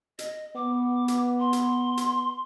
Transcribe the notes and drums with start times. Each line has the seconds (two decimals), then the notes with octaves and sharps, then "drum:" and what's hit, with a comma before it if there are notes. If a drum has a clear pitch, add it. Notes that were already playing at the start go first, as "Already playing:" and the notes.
0.19 D#5, drum: hi-hat
0.56 B3 D6
1.08 drum: hi-hat
1.40 C6
1.53 drum: hi-hat
1.97 drum: hi-hat